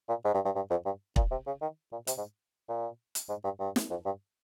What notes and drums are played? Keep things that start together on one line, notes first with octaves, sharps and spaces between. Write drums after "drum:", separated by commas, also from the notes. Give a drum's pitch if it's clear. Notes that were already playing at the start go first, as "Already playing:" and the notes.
A#2
G#2
G2
G2
G2
F2
G2
A#2, drum: kick
C3
C#3
D#3
A#2
C3, drum: hi-hat
G#2
A#2
drum: hi-hat
G#2
G2
G2
drum: snare
F2
G2